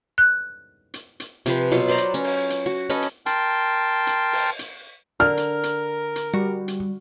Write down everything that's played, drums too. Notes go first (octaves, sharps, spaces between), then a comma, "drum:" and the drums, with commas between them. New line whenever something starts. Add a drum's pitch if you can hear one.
F#6
drum: hi-hat
drum: hi-hat
C3 F3 B4, drum: hi-hat
B2 F#3 F4
B4 C5 D5 A#5
drum: hi-hat
C#4
drum: open hi-hat
drum: hi-hat
F#4
C#4 A4 D#5 B5
drum: hi-hat
A#4 G5 A5 C6, drum: hi-hat
drum: hi-hat
drum: open hi-hat
drum: hi-hat
D3 A#4 F6
drum: hi-hat
drum: hi-hat
drum: hi-hat
G3 F#4
drum: hi-hat